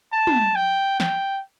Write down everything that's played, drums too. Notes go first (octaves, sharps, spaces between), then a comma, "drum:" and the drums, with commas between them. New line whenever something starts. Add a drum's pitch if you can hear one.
A5
drum: tom
G5
G5, drum: snare